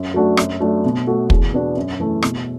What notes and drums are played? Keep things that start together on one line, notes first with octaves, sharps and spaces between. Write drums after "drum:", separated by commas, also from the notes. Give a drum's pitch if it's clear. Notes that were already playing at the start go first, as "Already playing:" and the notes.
Already playing: F#2
F#3 A3 D4 F#4
F#2, drum: rim click
F#3 A3 D4
B2
A3 F#4 A4
E2, drum: kick
B2 B3 D4 F#4
F#2
E3 A3
B2, drum: rim click